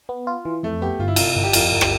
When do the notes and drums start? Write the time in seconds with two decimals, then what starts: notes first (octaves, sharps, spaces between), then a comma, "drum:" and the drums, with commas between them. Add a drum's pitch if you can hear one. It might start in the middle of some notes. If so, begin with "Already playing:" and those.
0.09 B3
0.27 F4
0.45 E3
0.63 F2 A3
0.82 B3 G4
0.99 G1 F4
1.08 E4
1.16 C3 F4, drum: cymbal
1.36 G1
1.44 G4
1.53 F2 F4, drum: cymbal
1.71 G1
1.81 G4, drum: rim click